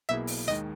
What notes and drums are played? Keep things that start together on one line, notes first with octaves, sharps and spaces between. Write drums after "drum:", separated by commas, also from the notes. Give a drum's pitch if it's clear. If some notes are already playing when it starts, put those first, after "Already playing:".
B1 B2 A#3 E4 G#4 E5
drum: open hi-hat
D#2 D#3 G#3 D#5